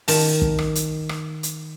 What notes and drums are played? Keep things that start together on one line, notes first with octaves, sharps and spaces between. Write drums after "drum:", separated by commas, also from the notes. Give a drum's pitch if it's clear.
D#3 A5, drum: open hi-hat
drum: kick
drum: rim click
drum: hi-hat
drum: rim click
drum: hi-hat